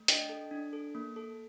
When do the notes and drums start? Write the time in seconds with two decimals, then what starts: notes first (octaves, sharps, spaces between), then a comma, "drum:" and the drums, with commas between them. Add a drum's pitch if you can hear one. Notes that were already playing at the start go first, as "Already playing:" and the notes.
Already playing: A3
0.08 D4 D#5 G5, drum: hi-hat
0.29 A4
0.51 D4
0.73 A4
0.95 A#3
1.16 A4